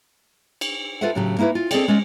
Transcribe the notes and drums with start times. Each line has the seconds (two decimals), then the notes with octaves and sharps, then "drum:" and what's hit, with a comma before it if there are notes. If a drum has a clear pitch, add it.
0.61 drum: cymbal
1.01 F4 A4 B4 C5 E5 F#5
1.15 A2 C#3 F#3 A3 G4
1.39 A#3 D#4 E4 B4 C#5
1.55 F4
1.71 C4 G#4 A4 D5 D#5 G5, drum: cymbal
1.88 G#3 C#4 D5 D#5